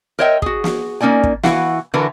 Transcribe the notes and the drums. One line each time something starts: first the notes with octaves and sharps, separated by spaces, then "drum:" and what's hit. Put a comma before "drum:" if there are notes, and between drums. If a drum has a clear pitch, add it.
A#4 C5 C#5 D#5 E5 G5
F#4 G#4, drum: kick
drum: snare
A#3 C#4 D#4 D5 G#5
drum: kick
E3 E4 F#4 B4 F5 F#5, drum: snare
D3 E3 E4 F#4 A#4 B4